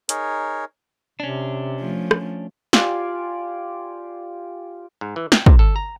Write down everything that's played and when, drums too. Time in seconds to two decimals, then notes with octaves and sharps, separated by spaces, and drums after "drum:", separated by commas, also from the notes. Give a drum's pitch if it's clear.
0.09 D#4 G#4 A#4 C#5, drum: hi-hat
1.20 C3 C#4 D4
1.80 F3 A3
2.11 drum: rim click
2.73 F4 G4 D5 G#5, drum: snare
5.01 G#2
5.16 E3
5.32 G5, drum: snare
5.46 C3, drum: kick
5.59 A4
5.76 A#5